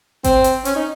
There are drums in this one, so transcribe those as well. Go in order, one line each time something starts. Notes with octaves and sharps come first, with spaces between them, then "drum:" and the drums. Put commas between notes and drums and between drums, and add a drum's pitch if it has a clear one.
C4, drum: kick G#1, hi-hat
drum: hi-hat
C#4, drum: hi-hat
D#4